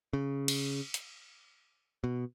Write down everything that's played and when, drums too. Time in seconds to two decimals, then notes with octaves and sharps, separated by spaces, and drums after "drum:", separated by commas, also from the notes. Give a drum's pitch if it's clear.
0.13 C#3
0.48 drum: cymbal
0.94 drum: hi-hat
2.04 B2